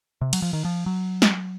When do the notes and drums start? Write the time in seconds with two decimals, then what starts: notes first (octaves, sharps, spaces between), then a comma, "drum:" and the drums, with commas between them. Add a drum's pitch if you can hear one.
0.21 C3
0.33 F#3, drum: cymbal
0.42 F3
0.53 D#3
0.65 F3
0.86 F#3
1.22 drum: snare